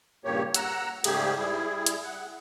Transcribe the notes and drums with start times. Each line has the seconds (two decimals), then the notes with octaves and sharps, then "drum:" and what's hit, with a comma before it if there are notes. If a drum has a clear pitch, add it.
0.25 G2 A#2 C#3 A#3 G4 C#5
0.54 F#5 A#5 E6, drum: hi-hat
1.04 G#2 C#3 G3 A3 G4 G#4, drum: cymbal
1.38 G3 E4 G#4
1.86 drum: hi-hat
2.03 F#5